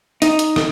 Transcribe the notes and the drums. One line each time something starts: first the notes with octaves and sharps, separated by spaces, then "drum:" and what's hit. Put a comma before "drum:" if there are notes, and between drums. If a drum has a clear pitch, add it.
D#4, drum: hi-hat
drum: hi-hat
drum: rim click